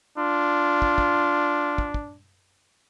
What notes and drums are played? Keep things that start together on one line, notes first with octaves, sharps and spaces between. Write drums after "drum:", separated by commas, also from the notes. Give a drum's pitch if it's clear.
D4 F4
drum: kick
drum: kick
drum: kick
drum: kick